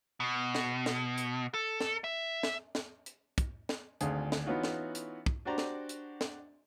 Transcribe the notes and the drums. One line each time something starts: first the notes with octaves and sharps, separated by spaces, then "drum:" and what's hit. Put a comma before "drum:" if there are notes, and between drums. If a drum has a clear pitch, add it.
B2
drum: snare
drum: snare
drum: hi-hat
A4
drum: snare
E5
drum: snare
drum: snare
drum: hi-hat
drum: kick, hi-hat
drum: snare
G#1 D2 G#4 F5 D#6, drum: hi-hat
drum: snare
E3 B3 C#4 D#4 F4 F#4
drum: snare
drum: hi-hat
drum: kick
D4 F#4 G4 C5 D5 A#5
drum: snare
drum: hi-hat
drum: snare